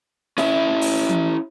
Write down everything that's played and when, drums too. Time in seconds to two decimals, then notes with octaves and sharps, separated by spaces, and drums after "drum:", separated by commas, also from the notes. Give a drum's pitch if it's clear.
0.38 C#4 E4 E5, drum: snare
0.81 drum: open hi-hat
1.09 drum: tom E3